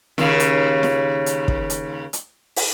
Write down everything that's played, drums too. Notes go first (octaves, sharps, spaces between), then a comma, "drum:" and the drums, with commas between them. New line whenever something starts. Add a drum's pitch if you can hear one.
D#2 C#3, drum: snare
drum: hi-hat
drum: snare
drum: hi-hat
drum: kick
drum: hi-hat
drum: hi-hat
drum: open hi-hat